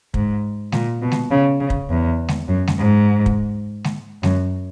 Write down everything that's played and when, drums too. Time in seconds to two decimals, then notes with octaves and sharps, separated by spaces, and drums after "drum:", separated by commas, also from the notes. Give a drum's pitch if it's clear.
0.14 G#2, drum: kick
0.72 A#2, drum: snare G#3
1.02 B2
1.12 drum: snare G#3
1.31 C#3
1.60 C#3
1.70 drum: kick
1.89 E2
2.29 drum: snare G#3
2.48 F#2
2.67 drum: snare G#3
2.78 G#2
3.26 drum: kick
3.84 drum: snare G#3
4.23 F#2, drum: snare G#3